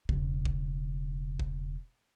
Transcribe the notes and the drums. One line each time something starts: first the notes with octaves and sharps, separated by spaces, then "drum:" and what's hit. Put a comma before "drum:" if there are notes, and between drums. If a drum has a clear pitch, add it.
E1 C#3, drum: kick
drum: kick
drum: kick